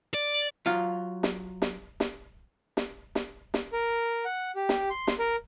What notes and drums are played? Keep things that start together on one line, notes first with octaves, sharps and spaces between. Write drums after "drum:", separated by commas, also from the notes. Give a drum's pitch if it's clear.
D5
F#3 F4 F5
drum: snare
drum: snare
drum: snare
drum: snare
drum: snare
drum: snare
A#4
F#5
G4
drum: snare
C6
drum: snare
A#4